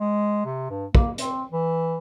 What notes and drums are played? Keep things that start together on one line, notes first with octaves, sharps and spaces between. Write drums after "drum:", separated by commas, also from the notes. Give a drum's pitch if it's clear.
G#3
C3
G2
A#3, drum: kick
C4, drum: hi-hat
E3